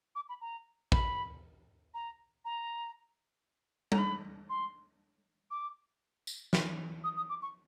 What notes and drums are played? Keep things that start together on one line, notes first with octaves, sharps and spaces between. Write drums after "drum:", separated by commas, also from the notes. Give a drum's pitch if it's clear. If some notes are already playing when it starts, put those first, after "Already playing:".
D6
B5
A#5
B5, drum: kick
A#5
A#5
A#5, drum: tom G3
B5
C6
D6
drum: tambourine
drum: snare
D#6
D#6
D6
C#6